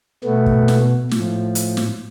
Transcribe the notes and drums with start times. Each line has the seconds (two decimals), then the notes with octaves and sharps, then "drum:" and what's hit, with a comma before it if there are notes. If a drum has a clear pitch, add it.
0.24 B2 A3 B3
0.46 drum: kick
0.68 drum: snare
1.11 A2 F3, drum: snare
1.55 drum: hi-hat
1.77 drum: snare